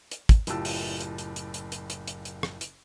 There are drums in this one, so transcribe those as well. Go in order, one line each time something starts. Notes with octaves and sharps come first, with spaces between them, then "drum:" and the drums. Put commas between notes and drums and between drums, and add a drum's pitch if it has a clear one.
drum: hi-hat
drum: kick, hi-hat
F#1 A2 F4 G4 A5 E6, drum: hi-hat
drum: open hi-hat
drum: hi-hat
drum: hi-hat
drum: hi-hat
drum: hi-hat
drum: hi-hat
drum: hi-hat
drum: hi-hat
drum: hi-hat
drum: rim click
drum: hi-hat